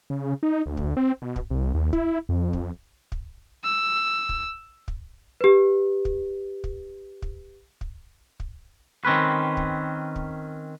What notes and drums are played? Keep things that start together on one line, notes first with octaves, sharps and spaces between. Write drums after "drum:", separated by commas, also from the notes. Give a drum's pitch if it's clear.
C#3
D#4
D2
drum: kick
C4
B2
drum: kick
C2
D#2
E4, drum: kick
F2
drum: kick
drum: kick
E6
drum: kick
drum: kick
G4 B4
drum: kick
drum: kick
drum: kick
drum: kick
drum: kick
D#3 C4 C#4 B4
drum: kick
drum: kick